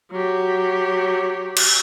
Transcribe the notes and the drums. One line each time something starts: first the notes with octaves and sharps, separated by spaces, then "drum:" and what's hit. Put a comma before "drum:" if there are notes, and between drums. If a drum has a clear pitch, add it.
F#3 G4
drum: cymbal